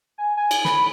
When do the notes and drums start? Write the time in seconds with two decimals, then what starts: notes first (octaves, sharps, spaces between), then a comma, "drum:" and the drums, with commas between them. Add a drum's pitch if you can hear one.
0.18 G#5
0.37 G#5
0.51 drum: cymbal
0.65 B5, drum: snare